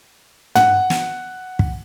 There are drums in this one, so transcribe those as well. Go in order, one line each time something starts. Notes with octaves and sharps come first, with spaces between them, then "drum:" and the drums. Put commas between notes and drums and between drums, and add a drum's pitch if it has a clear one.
F#5, drum: tom
drum: snare
drum: kick